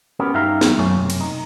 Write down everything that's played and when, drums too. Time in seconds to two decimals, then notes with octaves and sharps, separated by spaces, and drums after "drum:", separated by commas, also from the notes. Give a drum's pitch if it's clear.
0.20 B3 C#4 F#4 G4 A#4
0.34 G2 D#4 G4 E5 F5 A#5
0.61 D#3 F#3, drum: snare
0.77 B1 F#2 A3 A#3 C#4
1.00 F#2 C3
1.10 drum: cymbal
1.21 D#4